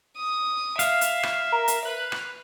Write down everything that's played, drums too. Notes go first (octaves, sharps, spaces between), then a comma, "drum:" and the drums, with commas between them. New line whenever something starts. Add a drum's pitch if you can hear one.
D#6
E5 F5, drum: hi-hat
drum: hi-hat
drum: rim click
A#4
drum: hi-hat
B4 F#6
drum: rim click